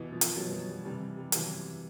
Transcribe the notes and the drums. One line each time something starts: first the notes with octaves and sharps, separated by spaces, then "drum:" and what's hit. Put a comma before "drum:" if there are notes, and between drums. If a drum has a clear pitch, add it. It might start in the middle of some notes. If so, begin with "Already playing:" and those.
Already playing: B2 E3
F3
drum: hi-hat
B2 F#3
F#3
G3
C3 E3 G3
G3
C3 E3 F#3, drum: hi-hat